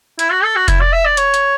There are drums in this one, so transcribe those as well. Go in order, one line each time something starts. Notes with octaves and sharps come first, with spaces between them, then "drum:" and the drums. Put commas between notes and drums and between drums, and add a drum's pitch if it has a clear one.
E4, drum: hi-hat
F#4
A4
F#4
E4, drum: kick F1, hi-hat
D5
E5
D5
C#5, drum: hi-hat
drum: hi-hat